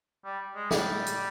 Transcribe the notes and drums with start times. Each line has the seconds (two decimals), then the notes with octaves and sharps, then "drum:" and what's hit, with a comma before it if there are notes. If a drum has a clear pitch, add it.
0.25 G3
0.55 G#3
0.71 G3, drum: snare
1.06 drum: hi-hat